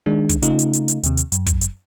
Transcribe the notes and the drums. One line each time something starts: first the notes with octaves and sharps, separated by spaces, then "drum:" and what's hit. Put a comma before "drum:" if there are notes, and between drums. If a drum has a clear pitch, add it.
D#3 G#3 D4
drum: kick, hi-hat
C#3 A3 D#4 F4, drum: hi-hat
drum: hi-hat
drum: hi-hat
drum: hi-hat
D#2 C3, drum: hi-hat
drum: hi-hat
F#2, drum: hi-hat
drum: kick, hi-hat
drum: hi-hat